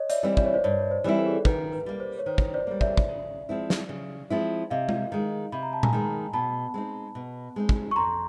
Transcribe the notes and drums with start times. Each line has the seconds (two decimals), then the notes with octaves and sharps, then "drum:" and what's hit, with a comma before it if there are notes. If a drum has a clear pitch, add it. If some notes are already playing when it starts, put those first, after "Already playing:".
Already playing: C#5 D#5
0.10 D5 E5, drum: hi-hat
0.23 E3 G3 C4 E4
0.37 D5, drum: kick
0.45 C#5
0.54 C5 D5
0.64 G2 C#5
0.71 D5
0.79 C#5
0.91 C5
1.04 E3 G3 C4 E4
1.18 A4
1.26 G#4
1.34 A4
1.45 D#3 B4, drum: kick
1.72 B4
1.86 G3 A#3
2.00 C5
2.19 C#5
2.26 D#3 C5
2.38 drum: kick
2.54 C5 D5
2.67 G3 A#3
2.81 D5 E5, drum: kick
2.97 drum: kick
3.08 C#3
3.49 F3 G#3 C4 E4
3.70 drum: snare
3.89 C#3
4.30 F3 G#3 C4 E4
4.71 C3 D#5 F5
4.89 drum: tom G#3
5.12 D#3 G#3
5.52 C3 B5
5.63 A#5
5.73 A5
5.83 G#5 A#5, drum: tom A#2
5.93 D#3 G#3
6.33 B2 A5 B5
6.74 G#3 C4 D#4
7.15 B2
7.56 G#3 C4 D#4
7.69 drum: kick
7.91 C#6
7.96 F2 A#5 C6